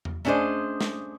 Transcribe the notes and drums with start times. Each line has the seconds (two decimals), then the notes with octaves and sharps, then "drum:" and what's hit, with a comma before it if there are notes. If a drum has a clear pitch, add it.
0.05 drum: tom E2
0.25 A3 C#4 D4 G#4 C5 D#5
0.81 drum: snare